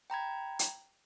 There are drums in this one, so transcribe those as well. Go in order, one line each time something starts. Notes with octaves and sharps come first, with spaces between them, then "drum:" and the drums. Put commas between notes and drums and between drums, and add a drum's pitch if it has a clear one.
G5 A#5 B5 G#6
drum: hi-hat